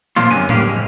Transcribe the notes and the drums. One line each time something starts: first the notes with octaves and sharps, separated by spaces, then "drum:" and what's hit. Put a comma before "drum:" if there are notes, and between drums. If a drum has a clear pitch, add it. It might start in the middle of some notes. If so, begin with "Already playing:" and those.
A#2 F3 A#3 C4 F4
F#2 D3 B3 G4 G#5
A2 C#3 G3 A#3 G4 F5, drum: tom A2
F2 G#3